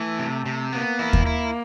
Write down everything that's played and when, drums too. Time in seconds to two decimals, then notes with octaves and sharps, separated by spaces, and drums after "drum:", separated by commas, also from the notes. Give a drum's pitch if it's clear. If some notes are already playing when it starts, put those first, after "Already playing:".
Already playing: E3 A3
0.19 C3
0.46 C3
0.72 A#3 B3
0.99 E4
1.13 drum: kick D#2
1.26 E4